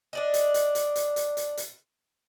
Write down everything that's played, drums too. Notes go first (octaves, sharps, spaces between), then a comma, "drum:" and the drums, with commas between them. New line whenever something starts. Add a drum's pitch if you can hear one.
D4 D5 D#5
drum: hi-hat
drum: hi-hat
drum: hi-hat
drum: hi-hat
drum: hi-hat
drum: hi-hat
drum: hi-hat